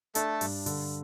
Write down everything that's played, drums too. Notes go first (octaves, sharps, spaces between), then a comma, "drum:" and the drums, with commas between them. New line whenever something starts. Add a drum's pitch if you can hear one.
A3 D4 A4, drum: hi-hat
G2, drum: open hi-hat
D3, drum: open hi-hat